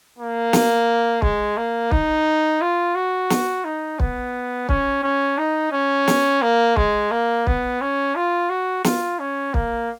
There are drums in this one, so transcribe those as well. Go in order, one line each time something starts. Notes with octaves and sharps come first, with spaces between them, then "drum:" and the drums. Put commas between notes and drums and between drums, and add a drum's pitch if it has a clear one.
A#3
drum: snare
G#3, drum: kick
A#3
D#4, drum: kick
F4
F#4
drum: snare
D#4
B3, drum: kick
C#4, drum: kick
C#4
D#4
C#4
drum: snare
A#3
G#3, drum: kick
A#3
B3, drum: kick
C#4
F4
F#4
F4, drum: snare
C#4
A#3, drum: kick